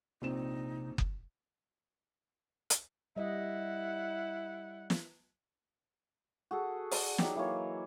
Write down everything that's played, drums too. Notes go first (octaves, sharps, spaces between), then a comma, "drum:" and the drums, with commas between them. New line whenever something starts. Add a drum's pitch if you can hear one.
A#1 C3 C4 D#4 E7
drum: kick F#1
drum: hi-hat
G3 E4 D#5 F#5
drum: snare
F#4 G#4 A4
A4 D5, drum: open hi-hat
F#3 D#4 G4, drum: snare
E3 F#3 A#3 C#5